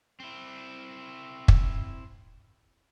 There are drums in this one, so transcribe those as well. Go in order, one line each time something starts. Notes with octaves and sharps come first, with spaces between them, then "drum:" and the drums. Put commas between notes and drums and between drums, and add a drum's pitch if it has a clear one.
C4 E4
drum: kick